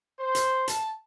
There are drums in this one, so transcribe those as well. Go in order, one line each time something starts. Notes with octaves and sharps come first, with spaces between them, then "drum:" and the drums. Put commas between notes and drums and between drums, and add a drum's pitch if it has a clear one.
C5
drum: hi-hat
A5, drum: hi-hat